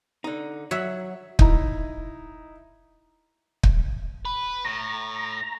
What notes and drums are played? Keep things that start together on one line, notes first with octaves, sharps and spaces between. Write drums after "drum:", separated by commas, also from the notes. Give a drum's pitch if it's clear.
D3 D#4
F#3 F#4 E5
D#4 E4 A#5, drum: kick
drum: kick
B4
A2 A#5